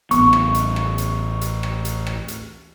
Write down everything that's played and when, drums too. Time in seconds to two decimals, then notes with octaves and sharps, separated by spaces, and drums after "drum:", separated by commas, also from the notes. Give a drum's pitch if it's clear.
0.11 A1 B3 C#6, drum: hi-hat
0.33 drum: rim click
0.55 drum: hi-hat
0.76 drum: rim click
0.98 drum: hi-hat
1.41 drum: hi-hat
1.63 drum: rim click
1.85 drum: hi-hat
2.07 drum: rim click
2.28 drum: hi-hat